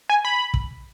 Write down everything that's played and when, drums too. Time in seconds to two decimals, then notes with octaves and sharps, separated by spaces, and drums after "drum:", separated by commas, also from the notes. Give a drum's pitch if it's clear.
0.09 G#5
0.25 B5
0.54 drum: kick